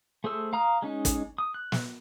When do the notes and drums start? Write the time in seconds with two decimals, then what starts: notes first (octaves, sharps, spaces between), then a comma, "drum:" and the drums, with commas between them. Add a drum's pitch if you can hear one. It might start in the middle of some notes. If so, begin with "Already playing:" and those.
0.24 A3 G#4 C5 E6
0.53 F5 A#5 D#6 F6
0.82 G#3 C#4 D#4
1.05 drum: kick, hi-hat
1.38 D#6
1.54 F#6
1.72 drum: snare